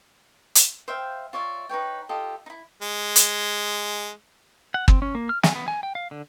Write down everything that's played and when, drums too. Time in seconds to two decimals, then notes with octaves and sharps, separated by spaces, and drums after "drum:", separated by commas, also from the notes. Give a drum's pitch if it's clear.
0.55 drum: hi-hat
0.88 C5 E5 F5 G5
1.33 F4 C#5 D5 E5
1.69 D#4 B4 C#5 G5
2.09 F4 G4 A4 D#5
2.46 D#4 E4
2.82 G#3
3.16 drum: hi-hat
4.74 F#5
4.88 C4, drum: kick
5.02 C#4
5.15 A#3
5.29 F6
5.43 G#5, drum: snare
5.55 B3
5.68 G#5
5.83 G5
5.95 F5
6.11 D3